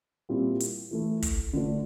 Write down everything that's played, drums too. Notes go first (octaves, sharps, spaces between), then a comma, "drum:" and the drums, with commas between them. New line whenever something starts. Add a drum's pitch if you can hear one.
A#2 G3 C4 E4 G4
drum: hi-hat
E3 A3 E4
drum: kick, hi-hat
D3 A3 D4